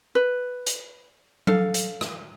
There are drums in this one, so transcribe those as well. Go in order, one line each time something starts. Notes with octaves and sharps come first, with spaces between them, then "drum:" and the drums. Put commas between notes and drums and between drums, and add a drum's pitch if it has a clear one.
B4
drum: hi-hat
A4 F5, drum: tom F#3
drum: hi-hat
drum: rim click